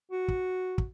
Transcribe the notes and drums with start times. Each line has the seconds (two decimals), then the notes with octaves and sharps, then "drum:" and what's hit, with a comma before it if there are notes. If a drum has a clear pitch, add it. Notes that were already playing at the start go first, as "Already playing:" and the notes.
0.12 F#4
0.28 drum: kick
0.78 drum: kick